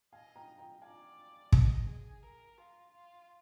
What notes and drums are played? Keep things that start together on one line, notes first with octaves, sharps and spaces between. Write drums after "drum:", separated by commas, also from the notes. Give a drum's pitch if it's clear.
D#5 F5 G#5
G5 A#5
G5 A#5
D5 F5 G#5
D#5, drum: kick
G#4
A#4
F4
F4